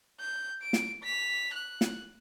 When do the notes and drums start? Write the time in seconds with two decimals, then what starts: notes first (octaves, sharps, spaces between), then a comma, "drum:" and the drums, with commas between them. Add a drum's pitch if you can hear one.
0.20 G6
0.62 D7
0.73 drum: snare
1.03 B6 F7
1.54 F#6
1.81 drum: snare